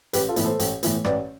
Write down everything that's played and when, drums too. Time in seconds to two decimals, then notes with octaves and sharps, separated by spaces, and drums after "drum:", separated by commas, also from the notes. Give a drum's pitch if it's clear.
0.13 A1 G4 B4, drum: hi-hat
0.28 F4 A4
0.36 A2 E3 B3, drum: hi-hat
0.45 A4 C5
0.59 A1, drum: hi-hat
0.83 A2 E3 B3, drum: hi-hat
1.04 A1 B4 D5, drum: rim click